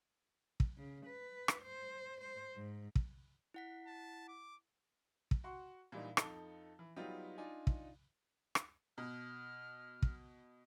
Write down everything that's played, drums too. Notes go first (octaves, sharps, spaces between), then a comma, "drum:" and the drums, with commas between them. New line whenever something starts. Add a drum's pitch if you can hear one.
drum: kick
C#3
B4
drum: rim click
C5
C5
G#2
drum: kick
E4 F#5 B6
A5
D6
drum: kick
F#4 F#5 C6 C#6
A#2 E3 G3 A#3 D4 D#4
F2 F3 D#4 A4 G7, drum: rim click
E3
F#3 G3 B3 D#4 F4 G4
D4 D#4 F4 D5 G#5
drum: kick
drum: rim click
B2 F6
drum: kick